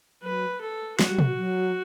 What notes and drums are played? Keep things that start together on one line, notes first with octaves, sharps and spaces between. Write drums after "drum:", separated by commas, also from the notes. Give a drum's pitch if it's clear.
F#3 B4
A4
F#3 F#4, drum: snare
G3
F#3, drum: tom
F#3